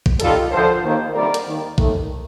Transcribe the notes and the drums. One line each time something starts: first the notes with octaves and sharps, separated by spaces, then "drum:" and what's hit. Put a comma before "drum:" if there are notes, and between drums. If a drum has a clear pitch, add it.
drum: kick A#1
D#2 D#3 G3 F4 A4, drum: hi-hat
D2 D3 F3 A4 C5
D#2 D#3 A#3
D2 C3 D#3 G3 A#3 A#4 D5
drum: hi-hat
D#2 D#3 A#3
D#2 D#3 A3, drum: kick A#1